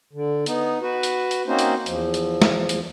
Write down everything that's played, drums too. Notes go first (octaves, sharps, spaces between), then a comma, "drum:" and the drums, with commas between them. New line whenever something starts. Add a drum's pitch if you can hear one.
D3
B3 D#4, drum: hi-hat
F#4 B4
drum: hi-hat
drum: hi-hat
A#3 C4 C#4 D#4 F#4 C5
drum: hi-hat
E2 F3, drum: hi-hat
drum: hi-hat
drum: snare
drum: hi-hat